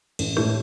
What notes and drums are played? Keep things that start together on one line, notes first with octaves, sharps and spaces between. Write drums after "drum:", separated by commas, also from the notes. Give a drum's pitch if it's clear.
A1, drum: cymbal
A2 A3 D4 G4, drum: rim click